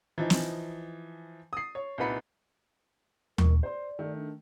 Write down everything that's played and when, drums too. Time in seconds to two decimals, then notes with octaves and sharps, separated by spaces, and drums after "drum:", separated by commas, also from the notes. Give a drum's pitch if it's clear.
0.18 E3 F3 D#4
0.30 drum: snare
1.53 D#6 C7
1.75 C#5
1.98 C2 A#2 D#4 B4 B5 C#7
3.38 A#4 C#6, drum: tom D#2
3.63 C5 D5 C6
3.99 D#3 A3
4.16 D4